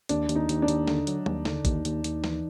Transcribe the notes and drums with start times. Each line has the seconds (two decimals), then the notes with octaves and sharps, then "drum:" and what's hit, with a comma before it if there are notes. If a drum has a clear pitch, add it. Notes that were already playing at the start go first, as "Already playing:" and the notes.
0.09 D#2 D4, drum: hi-hat
0.29 D#2, drum: hi-hat
0.35 D#4
0.49 D#2, drum: hi-hat
0.62 D4
0.68 D#2, drum: hi-hat
0.87 D3, drum: snare
1.07 F#3, drum: hi-hat
1.26 D#2, drum: tom
1.45 D3, drum: snare
1.65 D#2, drum: kick, hi-hat
1.85 D#2, drum: hi-hat
2.04 D#2, drum: hi-hat
2.24 E3, drum: snare